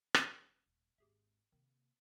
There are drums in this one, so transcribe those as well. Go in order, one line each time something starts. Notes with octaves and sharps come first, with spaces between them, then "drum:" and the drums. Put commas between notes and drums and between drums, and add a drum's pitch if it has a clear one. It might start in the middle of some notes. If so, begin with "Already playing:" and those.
E1 C#4, drum: rim click
D#1
G#1 D#2 G4 G#4 E5
C3 D#3 A#3